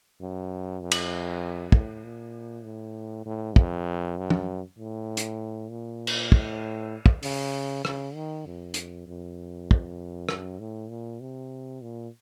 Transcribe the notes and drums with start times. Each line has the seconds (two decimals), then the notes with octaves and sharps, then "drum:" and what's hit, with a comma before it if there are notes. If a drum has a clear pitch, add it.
0.20 F#2
0.82 F2
0.92 drum: cymbal
1.72 A2, drum: kick
2.04 A#2
2.64 A2
3.26 A2
3.56 F2, drum: kick
4.18 F#2
4.30 drum: tom
4.79 A2
5.17 drum: hi-hat
5.70 A#2
6.07 drum: cymbal
6.32 A2, drum: kick
7.06 drum: kick
7.23 C#3, drum: open hi-hat
7.85 C#3, drum: rim click
8.15 D#3
8.46 F2
8.74 drum: hi-hat
9.07 F2
9.71 drum: kick
10.29 F#2, drum: rim click
10.60 A2
10.90 A#2
11.21 C3
11.82 A#2